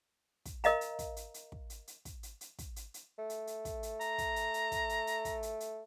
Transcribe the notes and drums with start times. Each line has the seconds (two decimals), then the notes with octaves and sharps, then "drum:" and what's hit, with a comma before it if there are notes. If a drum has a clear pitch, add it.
0.45 drum: kick, hi-hat
0.64 A#4 D#5 F5 A#5, drum: hi-hat
0.81 drum: hi-hat
0.99 drum: kick, hi-hat
1.16 drum: hi-hat
1.34 drum: hi-hat
1.52 drum: kick
1.70 drum: hi-hat
1.87 drum: hi-hat
2.05 drum: kick, hi-hat
2.23 drum: hi-hat
2.41 drum: hi-hat
2.59 drum: kick, hi-hat
2.76 drum: hi-hat
2.94 drum: hi-hat
3.19 A3
3.30 drum: hi-hat
3.47 drum: hi-hat
3.65 drum: kick, hi-hat
3.83 drum: hi-hat
4.01 A#5, drum: hi-hat
4.18 drum: kick, hi-hat
4.36 drum: hi-hat
4.54 drum: hi-hat
4.72 drum: kick, hi-hat
4.89 drum: hi-hat
5.07 drum: hi-hat
5.25 drum: kick, hi-hat
5.43 drum: hi-hat
5.60 drum: hi-hat